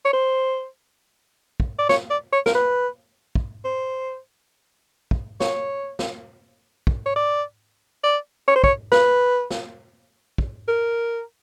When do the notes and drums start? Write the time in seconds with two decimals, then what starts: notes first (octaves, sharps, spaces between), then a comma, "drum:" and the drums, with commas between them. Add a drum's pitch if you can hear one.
0.05 C#5
0.13 C5
1.60 drum: kick
1.79 D5
1.89 C#5, drum: snare
2.10 D5
2.33 C#5
2.46 A#4, drum: snare
2.55 B4
3.35 drum: kick
3.65 C5
5.11 drum: kick
5.40 C#5, drum: snare
5.99 drum: snare
6.87 drum: kick
7.06 C#5
7.16 D5
8.04 D5
8.48 C#5
8.56 C5
8.64 C#5, drum: kick
8.92 B4, drum: snare
9.51 drum: snare
10.38 drum: kick
10.68 A#4